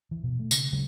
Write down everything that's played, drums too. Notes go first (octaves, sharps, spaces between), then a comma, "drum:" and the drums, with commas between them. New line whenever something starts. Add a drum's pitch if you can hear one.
E3
B2
A3
C#3, drum: tambourine
C#3 F#3 G#3